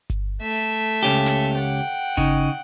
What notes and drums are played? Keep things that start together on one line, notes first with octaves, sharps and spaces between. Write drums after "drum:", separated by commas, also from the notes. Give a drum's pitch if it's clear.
drum: kick G1, hi-hat
A3 E5
drum: hi-hat
C#2 C#4 G4, drum: hi-hat
drum: snare
F#5 G5
C#3 D#4, drum: kick G1